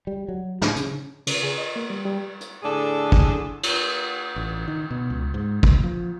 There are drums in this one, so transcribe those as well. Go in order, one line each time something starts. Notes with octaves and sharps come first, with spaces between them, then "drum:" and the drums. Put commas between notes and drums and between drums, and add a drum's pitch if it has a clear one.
G3
F#3
A2, drum: snare
C#3, drum: hi-hat
C#3, drum: cymbal
G#4
D#5
A#3
G3
G3
drum: hi-hat
A2 D3 D4 G#4 A4
drum: kick
drum: cymbal
A1
D#3
B2
C#2
G#2
A#2, drum: kick
F3